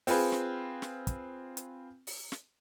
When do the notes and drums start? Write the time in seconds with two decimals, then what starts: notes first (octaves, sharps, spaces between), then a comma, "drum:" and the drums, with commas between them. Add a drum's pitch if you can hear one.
0.07 C4 F4 G#4 B4, drum: open hi-hat
0.32 drum: snare
0.82 drum: snare
1.07 drum: kick, hi-hat
1.57 drum: hi-hat
2.07 drum: open hi-hat
2.32 drum: snare